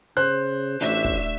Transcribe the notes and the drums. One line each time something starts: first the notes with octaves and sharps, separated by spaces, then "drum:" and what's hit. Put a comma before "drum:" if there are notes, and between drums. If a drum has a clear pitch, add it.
C#3 C5 F#6
A1 A3 D4 F#4 E5
drum: kick